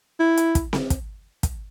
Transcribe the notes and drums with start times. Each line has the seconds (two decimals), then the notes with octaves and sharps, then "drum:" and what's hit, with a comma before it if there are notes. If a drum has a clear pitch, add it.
0.20 E4
0.37 drum: hi-hat
0.55 drum: kick, hi-hat
0.73 drum: snare C4
0.90 drum: kick, hi-hat
1.43 drum: kick, hi-hat